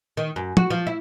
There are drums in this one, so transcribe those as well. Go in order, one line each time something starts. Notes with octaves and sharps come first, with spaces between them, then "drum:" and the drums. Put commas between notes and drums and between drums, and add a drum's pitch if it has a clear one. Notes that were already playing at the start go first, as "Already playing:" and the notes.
D#3
F#2
F#4, drum: tom
F3
E4